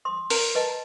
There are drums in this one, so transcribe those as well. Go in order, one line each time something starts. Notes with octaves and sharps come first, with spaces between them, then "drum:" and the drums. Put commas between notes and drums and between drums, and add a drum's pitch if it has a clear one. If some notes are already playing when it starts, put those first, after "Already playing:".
C6 D#6
A#4, drum: open hi-hat
B4 D#5 A5